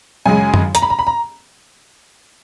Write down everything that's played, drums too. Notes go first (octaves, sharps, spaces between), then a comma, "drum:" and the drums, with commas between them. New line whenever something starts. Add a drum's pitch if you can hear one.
F#2 C#3 G#3 G#5
drum: tom F#2
A#5, drum: hi-hat
B5
A#5
B5
A#5